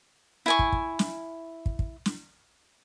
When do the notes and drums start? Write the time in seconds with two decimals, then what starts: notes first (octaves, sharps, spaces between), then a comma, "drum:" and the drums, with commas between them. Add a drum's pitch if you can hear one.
0.46 E4 G#5 C#6
0.59 drum: kick
0.72 drum: kick
0.99 drum: snare
1.66 drum: kick
1.79 drum: kick
2.06 drum: snare